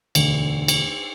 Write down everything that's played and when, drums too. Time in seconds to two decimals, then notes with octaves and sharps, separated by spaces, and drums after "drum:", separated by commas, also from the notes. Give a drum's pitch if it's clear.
0.15 E1 D2 D3 A3, drum: cymbal
0.68 drum: cymbal